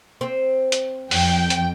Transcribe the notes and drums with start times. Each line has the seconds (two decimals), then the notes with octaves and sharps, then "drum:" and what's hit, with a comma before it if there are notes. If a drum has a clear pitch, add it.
0.21 C4
0.72 drum: hi-hat
1.11 F2 G5, drum: open hi-hat
1.50 drum: hi-hat